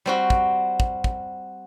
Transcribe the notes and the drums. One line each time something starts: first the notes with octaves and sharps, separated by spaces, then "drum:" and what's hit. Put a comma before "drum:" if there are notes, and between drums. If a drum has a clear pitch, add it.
G3 C4 F#4
drum: kick
drum: kick
drum: kick